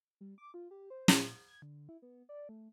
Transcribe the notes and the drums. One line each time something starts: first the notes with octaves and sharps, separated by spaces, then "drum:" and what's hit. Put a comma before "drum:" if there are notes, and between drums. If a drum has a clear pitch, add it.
G3
D6
F4
G4
C5
A#2, drum: snare
G#6
D3
E4
B3
D5
A3